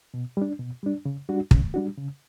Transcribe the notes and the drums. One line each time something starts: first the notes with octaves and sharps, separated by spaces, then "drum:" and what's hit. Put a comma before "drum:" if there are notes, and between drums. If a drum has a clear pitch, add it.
B2
G3 D4
B2
G3 D4
C#3
G3 D4 F#4
C#3, drum: kick
G3 D4 F#4
C#3